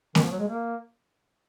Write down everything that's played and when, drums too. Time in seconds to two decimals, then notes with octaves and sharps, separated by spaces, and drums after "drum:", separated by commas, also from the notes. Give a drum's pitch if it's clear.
0.15 D#3, drum: snare A#3
0.23 F3
0.31 F#3
0.39 G#3
0.49 A#3